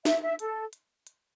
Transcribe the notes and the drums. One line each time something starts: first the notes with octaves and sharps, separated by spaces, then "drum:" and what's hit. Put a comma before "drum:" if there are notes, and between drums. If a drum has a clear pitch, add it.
E5, drum: snare
E5
A4, drum: hi-hat
drum: hi-hat
drum: hi-hat